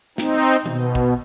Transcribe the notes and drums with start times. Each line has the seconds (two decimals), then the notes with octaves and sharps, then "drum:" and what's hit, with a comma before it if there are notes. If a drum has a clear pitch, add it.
0.18 C4 D#4, drum: snare
0.66 B2, drum: tom D#3
0.95 drum: kick